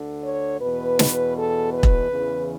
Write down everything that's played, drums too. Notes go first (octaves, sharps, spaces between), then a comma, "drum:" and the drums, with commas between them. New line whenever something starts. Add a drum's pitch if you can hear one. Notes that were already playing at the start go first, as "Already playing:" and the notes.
Already playing: D2 D3
C#5
E2 B2 B4
drum: snare
A4
B4
drum: kick E1
E2 C#3 E3